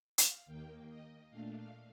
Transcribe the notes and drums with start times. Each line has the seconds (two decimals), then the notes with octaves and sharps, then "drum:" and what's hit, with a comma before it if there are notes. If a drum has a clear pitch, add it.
0.18 F5, drum: hi-hat
0.46 D#2 D#3 A#3 G5
0.88 D#5
1.30 A#2 A3 D4 F5
1.58 F5